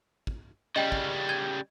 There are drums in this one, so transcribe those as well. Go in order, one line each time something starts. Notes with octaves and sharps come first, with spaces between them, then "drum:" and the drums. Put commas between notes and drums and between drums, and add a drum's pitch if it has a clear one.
drum: kick
C#3 G3 D#5 G5
drum: kick
G#6 D#7 G7